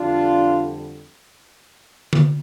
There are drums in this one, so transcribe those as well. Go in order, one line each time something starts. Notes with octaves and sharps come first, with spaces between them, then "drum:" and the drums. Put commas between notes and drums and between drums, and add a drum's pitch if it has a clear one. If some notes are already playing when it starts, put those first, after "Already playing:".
Already playing: F2 D3 G3 D4 F4
drum: tom D3